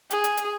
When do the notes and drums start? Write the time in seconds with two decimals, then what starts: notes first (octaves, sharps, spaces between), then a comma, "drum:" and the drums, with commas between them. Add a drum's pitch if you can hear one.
0.11 G#4, drum: hi-hat
0.24 drum: hi-hat
0.37 drum: hi-hat